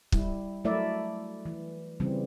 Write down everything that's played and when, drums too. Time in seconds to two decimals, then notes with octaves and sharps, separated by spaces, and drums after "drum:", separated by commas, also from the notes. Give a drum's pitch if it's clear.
0.12 G3 E4, drum: kick
0.65 F#3 A3 E4 A#4 D5 E5
1.45 E3
2.00 C#3 E3 G3 C4